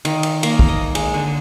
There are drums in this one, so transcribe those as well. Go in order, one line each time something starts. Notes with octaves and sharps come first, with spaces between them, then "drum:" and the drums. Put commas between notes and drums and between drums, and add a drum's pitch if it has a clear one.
D#3, drum: cymbal
drum: cymbal
A#3, drum: cymbal
drum: kick
D#5
G#3, drum: cymbal
D3